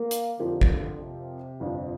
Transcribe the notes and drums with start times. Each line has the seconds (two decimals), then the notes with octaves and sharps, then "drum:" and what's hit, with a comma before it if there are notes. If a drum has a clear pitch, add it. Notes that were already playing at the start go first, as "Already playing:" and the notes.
Already playing: A#3
0.11 drum: hi-hat
0.39 F2 D3 F3 A#3 G4
0.61 drum: kick A1
1.00 C3
1.60 G1 F2 F3 D4